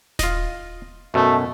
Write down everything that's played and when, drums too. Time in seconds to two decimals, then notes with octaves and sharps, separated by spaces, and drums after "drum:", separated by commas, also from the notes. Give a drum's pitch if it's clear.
0.19 F4 D#5, drum: snare D#1
1.14 F#2 B2 A3